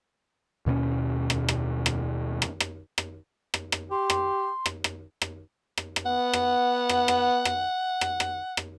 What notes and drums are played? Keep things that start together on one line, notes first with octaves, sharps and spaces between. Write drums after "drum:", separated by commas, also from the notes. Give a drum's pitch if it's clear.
D#2 B2 B3 C#4
drum: rim click
drum: rim click
drum: rim click
drum: rim click
drum: rim click
drum: rim click
drum: rim click
drum: rim click
G4 C6
drum: rim click
drum: rim click
drum: rim click
drum: rim click
drum: rim click
drum: rim click
B3 F#5
drum: rim click
drum: rim click
drum: rim click
drum: rim click
drum: rim click
drum: rim click
drum: rim click